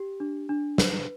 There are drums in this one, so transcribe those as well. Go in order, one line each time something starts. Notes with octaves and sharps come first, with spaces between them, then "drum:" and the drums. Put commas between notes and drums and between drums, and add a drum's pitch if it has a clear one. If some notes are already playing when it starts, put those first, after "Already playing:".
Already playing: G4
D4
D4
B4, drum: snare